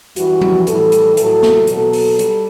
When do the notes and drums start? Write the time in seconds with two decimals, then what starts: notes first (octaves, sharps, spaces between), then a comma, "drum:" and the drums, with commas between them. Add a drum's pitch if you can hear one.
0.16 F#2 E3 G3 F#4, drum: hi-hat
0.41 drum: tom F3
0.67 A2 E3 G3 A4, drum: hi-hat
0.92 drum: hi-hat
1.17 A2 F#3 A4, drum: hi-hat
1.43 drum: snare
1.67 B2 F#3 A4, drum: hi-hat
1.93 drum: open hi-hat
2.19 G3, drum: hi-hat